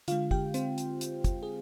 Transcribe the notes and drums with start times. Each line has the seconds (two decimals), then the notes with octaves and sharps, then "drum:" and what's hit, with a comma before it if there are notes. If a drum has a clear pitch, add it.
0.08 D3 G#3 F4 F5, drum: hi-hat
0.31 G4 G5, drum: kick
0.54 C4 C5, drum: hi-hat
0.78 drum: hi-hat
1.01 drum: hi-hat
1.24 drum: kick, hi-hat
1.43 G#4